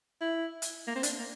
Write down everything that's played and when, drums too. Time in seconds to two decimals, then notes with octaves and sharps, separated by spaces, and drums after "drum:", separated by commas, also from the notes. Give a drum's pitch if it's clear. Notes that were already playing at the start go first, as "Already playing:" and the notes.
0.21 E4
0.62 drum: hi-hat
0.87 A#3
0.96 C4
1.03 D4, drum: hi-hat
1.19 A#3